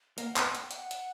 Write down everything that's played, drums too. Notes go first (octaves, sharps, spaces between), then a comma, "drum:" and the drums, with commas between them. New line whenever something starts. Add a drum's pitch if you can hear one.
A#3 F#5, drum: hi-hat
B3, drum: clap
F#5, drum: hi-hat
G5
F#5, drum: hi-hat
drum: hi-hat